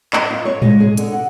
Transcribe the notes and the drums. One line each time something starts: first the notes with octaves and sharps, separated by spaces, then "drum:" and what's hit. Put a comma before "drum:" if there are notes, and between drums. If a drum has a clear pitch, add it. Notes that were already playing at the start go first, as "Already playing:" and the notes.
D#5, drum: clap
F4
C#5
G#3, drum: tom A2
G#4
D3, drum: hi-hat
F#5